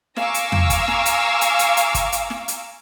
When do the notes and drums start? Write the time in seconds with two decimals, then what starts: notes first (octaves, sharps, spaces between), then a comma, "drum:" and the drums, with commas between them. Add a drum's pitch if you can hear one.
0.17 F5 G#5 A#5 C#6 D6 E6, drum: snare
0.34 drum: hi-hat
0.52 drum: tom E2
0.70 drum: kick, hi-hat
0.88 drum: snare
1.06 drum: hi-hat
1.41 drum: hi-hat
1.59 drum: hi-hat
1.77 drum: hi-hat
1.95 drum: kick, hi-hat
2.12 drum: hi-hat
2.30 drum: snare
2.48 drum: hi-hat